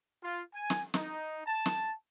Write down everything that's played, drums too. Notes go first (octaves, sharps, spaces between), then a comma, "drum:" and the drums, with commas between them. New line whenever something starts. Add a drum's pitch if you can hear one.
F4
G#5
drum: snare
D#4, drum: snare
A5
drum: snare